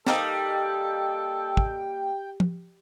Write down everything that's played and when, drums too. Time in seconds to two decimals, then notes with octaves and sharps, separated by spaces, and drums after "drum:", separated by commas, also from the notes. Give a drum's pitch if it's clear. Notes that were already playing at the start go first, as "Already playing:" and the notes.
0.07 G3 A#3 D#4 A4 D#5 G5, drum: snare
1.57 drum: kick
2.40 drum: tom F3